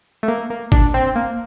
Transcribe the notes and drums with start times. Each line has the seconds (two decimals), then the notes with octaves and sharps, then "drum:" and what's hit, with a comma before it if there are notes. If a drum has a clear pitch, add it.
0.23 A3
0.28 A#3
0.50 A#3
0.72 D4, drum: kick
0.94 C4
1.16 A#3